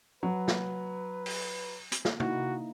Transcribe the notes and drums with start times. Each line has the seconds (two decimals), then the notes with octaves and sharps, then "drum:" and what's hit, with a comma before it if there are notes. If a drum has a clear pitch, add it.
0.23 F#3 B4
0.48 drum: snare
1.26 drum: open hi-hat
1.92 drum: hi-hat
2.05 drum: snare
2.20 A#3 D#4 E4 F#4, drum: tom